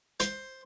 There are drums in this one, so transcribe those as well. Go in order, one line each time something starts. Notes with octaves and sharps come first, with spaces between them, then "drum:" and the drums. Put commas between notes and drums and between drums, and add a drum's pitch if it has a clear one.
C5, drum: hi-hat